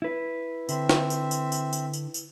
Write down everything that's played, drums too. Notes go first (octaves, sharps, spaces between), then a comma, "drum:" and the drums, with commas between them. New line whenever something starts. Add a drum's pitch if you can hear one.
E4 B4
D3 C4 E5, drum: tambourine
drum: snare
drum: tambourine
drum: tambourine
drum: tambourine
drum: tambourine
drum: tambourine
drum: tambourine